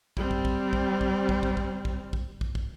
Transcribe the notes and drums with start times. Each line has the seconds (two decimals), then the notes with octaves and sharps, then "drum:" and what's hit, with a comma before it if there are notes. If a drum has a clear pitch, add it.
0.17 G3 C4, drum: kick
0.31 drum: kick
0.45 drum: kick
0.73 drum: kick
1.01 drum: kick
1.29 drum: kick
1.43 drum: kick
1.57 drum: kick
1.85 drum: kick
2.13 drum: kick
2.41 drum: kick
2.55 drum: kick